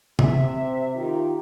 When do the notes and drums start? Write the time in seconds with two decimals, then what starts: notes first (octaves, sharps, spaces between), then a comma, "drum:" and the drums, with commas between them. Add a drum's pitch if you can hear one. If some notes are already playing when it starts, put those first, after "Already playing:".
0.19 C3 E5, drum: tom
0.95 D#3 F4 G4